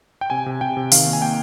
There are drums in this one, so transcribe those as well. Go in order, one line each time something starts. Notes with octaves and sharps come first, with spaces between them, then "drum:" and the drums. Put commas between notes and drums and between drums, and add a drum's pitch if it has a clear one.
G5
C3 G#5
C3
C3 G5
C3
D#3 F5, drum: open hi-hat
A#3
G#5
A#3 G5